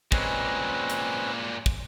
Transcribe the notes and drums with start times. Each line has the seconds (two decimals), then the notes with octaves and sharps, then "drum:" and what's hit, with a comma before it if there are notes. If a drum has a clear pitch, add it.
0.12 A#2 G#3 C4 C#4 B4, drum: kick
0.90 drum: hi-hat
1.66 drum: kick